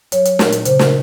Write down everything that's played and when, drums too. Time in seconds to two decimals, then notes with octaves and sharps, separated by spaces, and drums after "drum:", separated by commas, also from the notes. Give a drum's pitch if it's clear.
0.12 F#3 C#5, drum: hi-hat
0.25 drum: hi-hat
0.39 A#2, drum: snare
0.52 drum: hi-hat
0.65 C#3 C5, drum: hi-hat
0.79 drum: snare